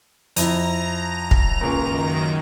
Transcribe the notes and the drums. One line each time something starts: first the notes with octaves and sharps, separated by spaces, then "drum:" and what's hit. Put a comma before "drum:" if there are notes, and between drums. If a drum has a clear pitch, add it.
F2 E4 A#5, drum: hi-hat
drum: kick
C#2 F#2 A#2 D#3